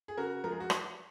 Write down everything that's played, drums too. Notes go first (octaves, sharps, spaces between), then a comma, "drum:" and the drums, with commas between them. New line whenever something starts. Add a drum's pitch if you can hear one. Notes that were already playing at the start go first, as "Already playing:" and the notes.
G#4
C#3 F#4 A#4
F3 G#3 A#4
G#4
F#4
drum: rim click